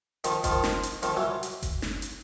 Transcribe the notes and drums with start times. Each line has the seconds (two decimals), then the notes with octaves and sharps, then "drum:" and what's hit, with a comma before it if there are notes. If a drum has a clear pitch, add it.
0.24 D#3 F3, drum: hi-hat
0.44 D#3 F3, drum: kick F#1, hi-hat
0.64 drum: snare
0.83 drum: hi-hat
1.03 D#3 F3, drum: hi-hat
1.17 E3 F#3
1.43 drum: hi-hat
1.62 drum: kick F#1, hi-hat
1.82 drum: snare
2.02 drum: hi-hat